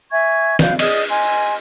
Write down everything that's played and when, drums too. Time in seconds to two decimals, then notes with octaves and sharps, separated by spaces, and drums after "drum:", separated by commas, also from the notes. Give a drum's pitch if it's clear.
0.11 E5 G#5 C#6 G#6
0.59 F5 F#6 G6, drum: snare
0.79 G#4 D5 D#5 D#6, drum: cymbal
1.10 D#5 G#5 C6